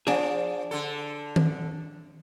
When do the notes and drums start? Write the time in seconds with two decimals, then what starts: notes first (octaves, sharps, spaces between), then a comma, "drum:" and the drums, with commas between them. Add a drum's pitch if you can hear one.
0.07 F3 D4 G#4
0.71 D3 A4
1.36 drum: tom D#3